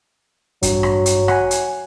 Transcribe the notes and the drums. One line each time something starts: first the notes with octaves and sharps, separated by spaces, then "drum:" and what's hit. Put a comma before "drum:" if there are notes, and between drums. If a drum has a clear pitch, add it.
A1 G2 F#3, drum: hi-hat
drum: rim click
drum: hi-hat
F#5 G#5, drum: rim click
drum: hi-hat